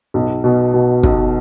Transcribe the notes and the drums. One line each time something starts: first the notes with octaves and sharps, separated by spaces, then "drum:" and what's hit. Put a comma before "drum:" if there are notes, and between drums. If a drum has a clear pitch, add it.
B1
B2
B2
B1, drum: kick